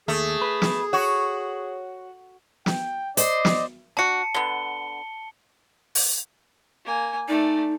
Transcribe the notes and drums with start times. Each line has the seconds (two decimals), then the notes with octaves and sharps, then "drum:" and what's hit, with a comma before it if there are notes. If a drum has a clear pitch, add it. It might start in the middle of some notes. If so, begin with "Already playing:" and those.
0.08 D#2 A3 G#4
0.42 B4
0.62 drum: snare
0.93 F#4 C#5
2.66 G5, drum: snare
3.17 C5 D5 D#5, drum: hi-hat
3.45 drum: snare
3.97 D4 F#4 A5 C#7
4.35 D3 B3 G7
5.95 drum: open hi-hat
6.85 A#3 G#5
7.28 A3 D#4 D5